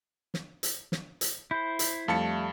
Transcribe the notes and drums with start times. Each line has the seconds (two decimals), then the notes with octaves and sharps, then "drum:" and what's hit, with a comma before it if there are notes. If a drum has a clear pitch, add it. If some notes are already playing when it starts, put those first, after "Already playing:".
0.34 drum: snare
0.63 drum: hi-hat
0.92 drum: snare
1.21 drum: hi-hat
1.51 E4 C5 B5 G6
1.79 drum: hi-hat
2.08 F2 G3 A3 F5 A5 C#7